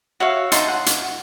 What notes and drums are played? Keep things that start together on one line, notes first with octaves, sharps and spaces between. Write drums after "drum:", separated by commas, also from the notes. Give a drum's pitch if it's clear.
F#4 C#5 E5 F5
D#4 A5 C6, drum: hi-hat
F#5
drum: hi-hat